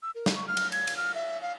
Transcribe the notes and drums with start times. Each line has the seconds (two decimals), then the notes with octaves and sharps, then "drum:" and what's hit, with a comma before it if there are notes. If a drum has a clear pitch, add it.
0.03 E6
0.15 A#4
0.26 drum: snare
0.35 C#6
0.48 F6
0.57 drum: cymbal
0.72 G#6, drum: cymbal
0.87 drum: cymbal
0.96 F6
1.15 E5
1.42 F5